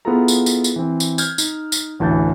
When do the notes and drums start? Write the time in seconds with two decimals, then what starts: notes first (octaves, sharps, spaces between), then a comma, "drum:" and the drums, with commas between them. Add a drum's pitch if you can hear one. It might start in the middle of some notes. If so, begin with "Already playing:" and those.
0.05 B3 E4 F4 G#4 A4 A#5
0.28 drum: tambourine
0.46 drum: tambourine
0.64 drum: tambourine
0.76 E3 C4
1.00 drum: tambourine
1.18 F6 G6 G#6, drum: tambourine
1.38 D#4, drum: tambourine
1.72 drum: tambourine
2.00 A1 D2 E3 A5 G6 A6